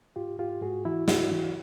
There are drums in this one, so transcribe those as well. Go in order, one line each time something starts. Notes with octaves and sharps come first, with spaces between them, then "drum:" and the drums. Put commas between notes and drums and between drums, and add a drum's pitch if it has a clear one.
G#2 F4 G4
G#2 F4 G4
G#2 F#4 G#4
E3 E4 F#4
G#2 E4 F#4, drum: snare
E3